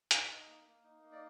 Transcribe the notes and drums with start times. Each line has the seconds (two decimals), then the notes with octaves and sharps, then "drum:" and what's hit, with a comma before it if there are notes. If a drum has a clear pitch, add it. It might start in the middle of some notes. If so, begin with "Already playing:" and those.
0.11 D#4, drum: hi-hat
0.29 D#4
0.47 A#3
0.66 A#3
0.84 D#4
1.02 A#3
1.12 D5